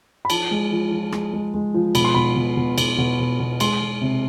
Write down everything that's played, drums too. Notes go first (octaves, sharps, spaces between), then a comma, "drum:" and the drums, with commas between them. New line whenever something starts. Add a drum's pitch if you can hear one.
B5
F3 A5, drum: cymbal
G#3
F3
F3
G#3, drum: rim click
G#3
G#3
F3
B2 B5, drum: cymbal
C6
B2 B5
B2
B2
B2, drum: cymbal
B2
B2
B2
G#3 C6, drum: cymbal
G#3
C3